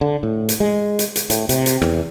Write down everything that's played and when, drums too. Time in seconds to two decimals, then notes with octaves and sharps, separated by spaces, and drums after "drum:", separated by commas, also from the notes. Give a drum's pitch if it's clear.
0.01 D3
0.23 A2
0.49 drum: hi-hat
0.60 G#3
0.99 drum: hi-hat
1.16 drum: hi-hat
1.30 A2, drum: hi-hat
1.49 C3, drum: hi-hat
1.66 drum: hi-hat
1.82 E2, drum: rim click